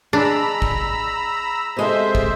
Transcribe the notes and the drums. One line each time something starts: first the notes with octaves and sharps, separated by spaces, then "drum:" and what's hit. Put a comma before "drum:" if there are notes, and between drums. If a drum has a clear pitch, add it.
D4 G#4 A#5 B5 E6
drum: kick
C3 G#3 A4 C5 E5
drum: kick